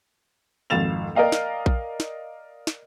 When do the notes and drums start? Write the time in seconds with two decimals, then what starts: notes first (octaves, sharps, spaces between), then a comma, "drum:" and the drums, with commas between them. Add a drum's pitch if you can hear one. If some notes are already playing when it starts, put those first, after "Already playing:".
0.70 G#1 F2 F5 A6 E7 F7
1.15 A#4 D5 D#5 F5 G5
1.32 drum: snare
1.66 drum: kick A#1
2.00 drum: snare
2.67 drum: snare